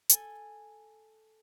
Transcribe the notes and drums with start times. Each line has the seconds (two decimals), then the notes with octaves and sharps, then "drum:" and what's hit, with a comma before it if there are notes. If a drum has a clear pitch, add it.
0.09 A4 G#5, drum: hi-hat